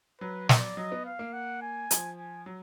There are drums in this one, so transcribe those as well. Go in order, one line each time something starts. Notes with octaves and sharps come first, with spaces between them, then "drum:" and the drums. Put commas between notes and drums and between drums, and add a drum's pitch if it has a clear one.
F#3 B4
D5, drum: snare
F#3 D#5
B3
F5
A#3
F#5
G#5
F3, drum: hi-hat
G#5
F#3